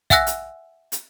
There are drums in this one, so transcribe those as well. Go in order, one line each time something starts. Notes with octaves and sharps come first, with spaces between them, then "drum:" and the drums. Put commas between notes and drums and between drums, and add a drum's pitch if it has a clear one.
E5 F#5 G#5 E6 F#6 A#6, drum: kick, hi-hat
drum: hi-hat
drum: hi-hat